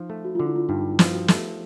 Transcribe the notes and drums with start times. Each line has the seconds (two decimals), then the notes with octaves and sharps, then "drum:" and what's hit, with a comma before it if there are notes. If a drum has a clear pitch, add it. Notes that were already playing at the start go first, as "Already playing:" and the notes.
Already playing: F3 D#4
0.10 A3
0.25 F#4
0.35 D3 F4
0.46 E4
0.56 F4
0.69 G2 D#4
0.81 D#4
0.91 E4
0.99 F3, drum: snare
1.13 F#4
1.28 A3, drum: snare
1.35 G4